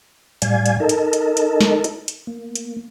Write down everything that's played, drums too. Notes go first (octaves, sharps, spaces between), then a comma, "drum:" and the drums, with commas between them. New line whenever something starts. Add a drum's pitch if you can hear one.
A2 G3 D5 F5 G#5 G#6, drum: hi-hat
drum: hi-hat
D#4 A4 A#4 D#5 A5
drum: hi-hat
drum: hi-hat
drum: hi-hat
drum: snare
drum: hi-hat
drum: hi-hat
A#3
drum: hi-hat